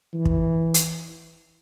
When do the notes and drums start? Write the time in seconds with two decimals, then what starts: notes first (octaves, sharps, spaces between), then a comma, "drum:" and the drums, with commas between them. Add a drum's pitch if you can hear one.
0.14 E3
0.25 drum: kick
0.74 drum: hi-hat